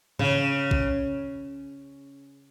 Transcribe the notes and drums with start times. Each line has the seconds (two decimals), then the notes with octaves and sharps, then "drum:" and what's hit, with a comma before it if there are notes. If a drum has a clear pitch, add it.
0.19 C#3, drum: tom G#2
0.71 drum: kick A#1